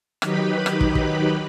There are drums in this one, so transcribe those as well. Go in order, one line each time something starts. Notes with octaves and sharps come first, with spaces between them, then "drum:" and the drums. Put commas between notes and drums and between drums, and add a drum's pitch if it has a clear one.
D#3 F#3 D#4 G4 B4 B5, drum: rim click
drum: rim click
drum: kick
drum: kick